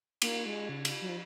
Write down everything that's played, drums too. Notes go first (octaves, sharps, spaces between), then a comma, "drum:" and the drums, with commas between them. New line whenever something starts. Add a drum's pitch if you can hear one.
A#3, drum: cymbal
G#3
C#3
drum: cymbal
F#3
F3